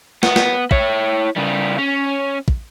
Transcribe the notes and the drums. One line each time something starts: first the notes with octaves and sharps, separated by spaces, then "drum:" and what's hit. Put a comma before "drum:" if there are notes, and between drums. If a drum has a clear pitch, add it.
B3, drum: snare
drum: snare
E4 C#5, drum: kick
C#3 G3
C#4
drum: kick